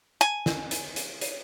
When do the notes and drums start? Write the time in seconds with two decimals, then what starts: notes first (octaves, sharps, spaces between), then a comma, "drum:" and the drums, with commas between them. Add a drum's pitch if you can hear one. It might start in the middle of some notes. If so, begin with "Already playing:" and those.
0.21 G#5
0.46 drum: snare
0.71 drum: hi-hat
0.96 drum: hi-hat
1.21 drum: hi-hat